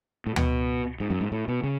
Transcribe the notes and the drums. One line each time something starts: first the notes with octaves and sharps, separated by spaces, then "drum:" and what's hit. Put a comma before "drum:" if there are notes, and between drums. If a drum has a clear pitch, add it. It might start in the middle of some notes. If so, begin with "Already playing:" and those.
A2
B2, drum: tom D2
G#2
F#2
G#2
A2
B2
C#3